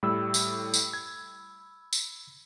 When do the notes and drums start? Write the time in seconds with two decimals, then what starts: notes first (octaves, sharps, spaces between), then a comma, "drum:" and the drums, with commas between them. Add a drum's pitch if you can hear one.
0.03 A2 G3 B5 E6
0.34 drum: tambourine
0.74 drum: tambourine
0.93 G#6
1.93 drum: tambourine